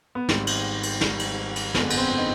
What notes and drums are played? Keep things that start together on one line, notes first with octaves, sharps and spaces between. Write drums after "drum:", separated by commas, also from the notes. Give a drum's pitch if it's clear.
B3
G#1 G#2 G3 C4, drum: snare
drum: cymbal
drum: cymbal
G#1 G#2 G3, drum: snare
drum: cymbal
drum: cymbal
G1 F2 D3 G#3 B3 D4, drum: snare
B3, drum: cymbal
C4
D#4